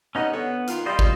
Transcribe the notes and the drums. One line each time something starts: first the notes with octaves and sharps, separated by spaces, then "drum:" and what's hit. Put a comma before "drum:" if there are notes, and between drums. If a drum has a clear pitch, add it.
G3 B3 C#4 D#4 D#5
D3 B3 A4 C#5
D#3 F4, drum: hi-hat
G3 F4 C5 D#5
drum: kick